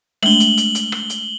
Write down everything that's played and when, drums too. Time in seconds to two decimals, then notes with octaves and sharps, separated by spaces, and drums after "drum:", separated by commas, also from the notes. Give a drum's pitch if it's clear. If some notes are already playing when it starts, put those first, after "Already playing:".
0.23 G#3 A3 D4 F#7 G7, drum: rim click
0.40 drum: hi-hat
0.57 drum: hi-hat
0.75 drum: hi-hat
0.92 drum: rim click
1.10 drum: hi-hat